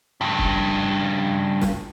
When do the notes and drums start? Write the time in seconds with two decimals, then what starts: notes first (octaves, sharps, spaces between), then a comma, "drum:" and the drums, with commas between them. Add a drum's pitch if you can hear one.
0.21 G2 C#3
0.38 drum: kick
1.61 drum: snare